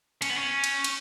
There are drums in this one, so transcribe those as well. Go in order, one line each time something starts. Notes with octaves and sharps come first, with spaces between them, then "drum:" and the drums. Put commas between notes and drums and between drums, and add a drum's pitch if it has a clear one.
C#4, drum: cymbal
B3
C#4
drum: cymbal
drum: cymbal